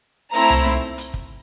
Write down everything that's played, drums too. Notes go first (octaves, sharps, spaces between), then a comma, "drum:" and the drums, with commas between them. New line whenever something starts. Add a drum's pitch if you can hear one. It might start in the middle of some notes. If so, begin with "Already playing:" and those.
A3 C4 E4 A#5, drum: hi-hat
drum: tom C2
drum: snare D#4
drum: hi-hat
drum: kick